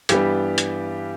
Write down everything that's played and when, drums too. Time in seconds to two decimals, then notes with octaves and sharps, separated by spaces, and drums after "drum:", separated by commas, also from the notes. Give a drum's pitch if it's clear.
0.09 G2 E3 G3 B3 G4, drum: hi-hat
0.58 drum: hi-hat